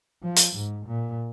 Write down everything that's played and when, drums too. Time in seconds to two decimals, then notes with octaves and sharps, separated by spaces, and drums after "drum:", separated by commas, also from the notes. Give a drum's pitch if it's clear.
0.23 F3
0.36 drum: hi-hat
0.56 G#2
0.87 A#2